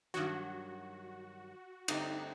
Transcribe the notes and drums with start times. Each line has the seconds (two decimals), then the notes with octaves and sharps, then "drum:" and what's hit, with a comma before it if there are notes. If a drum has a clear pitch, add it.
0.14 G2 D#3 F#3 F#4
1.88 G2 D3 A3 C4 D#4 G4, drum: cymbal